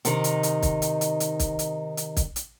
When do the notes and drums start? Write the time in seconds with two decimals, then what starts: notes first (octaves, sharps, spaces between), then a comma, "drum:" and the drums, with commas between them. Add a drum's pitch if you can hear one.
0.05 C3 D#3 D#4, drum: hi-hat
0.24 drum: hi-hat
0.43 drum: hi-hat
0.62 drum: kick, hi-hat
0.82 drum: hi-hat
1.01 drum: hi-hat
1.20 drum: hi-hat
1.39 drum: kick, hi-hat
1.59 drum: hi-hat
1.97 drum: hi-hat
2.17 drum: kick, hi-hat
2.36 drum: hi-hat